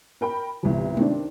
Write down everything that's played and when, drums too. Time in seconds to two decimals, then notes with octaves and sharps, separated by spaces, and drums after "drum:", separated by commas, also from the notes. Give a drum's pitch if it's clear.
0.21 A#4 G5 B5
0.63 G1 C2 E3
0.97 D#3 C4 D4, drum: tom G#3